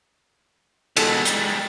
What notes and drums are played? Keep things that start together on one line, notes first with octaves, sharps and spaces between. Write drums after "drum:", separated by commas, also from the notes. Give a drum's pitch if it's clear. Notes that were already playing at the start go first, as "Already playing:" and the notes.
B2 G#3 A4, drum: cymbal
G3 G#3, drum: hi-hat